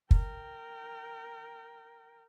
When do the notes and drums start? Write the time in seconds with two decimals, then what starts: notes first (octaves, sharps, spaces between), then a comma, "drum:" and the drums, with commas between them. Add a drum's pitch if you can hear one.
0.11 A#4 G5, drum: kick